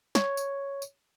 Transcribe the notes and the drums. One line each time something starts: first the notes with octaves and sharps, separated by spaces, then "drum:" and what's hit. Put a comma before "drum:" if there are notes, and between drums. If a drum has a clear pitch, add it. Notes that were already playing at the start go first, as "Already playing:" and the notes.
C#5, drum: snare
drum: tambourine
drum: tambourine